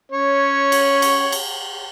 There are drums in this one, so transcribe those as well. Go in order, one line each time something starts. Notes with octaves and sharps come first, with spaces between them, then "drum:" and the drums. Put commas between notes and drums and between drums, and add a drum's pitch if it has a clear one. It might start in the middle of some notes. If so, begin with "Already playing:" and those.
C#4 C#5
drum: cymbal
drum: cymbal
drum: cymbal